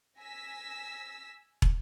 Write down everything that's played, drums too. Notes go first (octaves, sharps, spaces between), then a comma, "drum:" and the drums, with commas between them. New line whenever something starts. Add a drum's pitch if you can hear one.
G#5 E6 A#6 B6
drum: kick